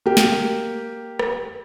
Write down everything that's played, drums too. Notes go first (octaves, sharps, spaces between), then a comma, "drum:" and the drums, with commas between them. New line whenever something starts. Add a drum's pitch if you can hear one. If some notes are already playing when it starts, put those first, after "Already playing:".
A#3 G4
drum: snare
drum: rim click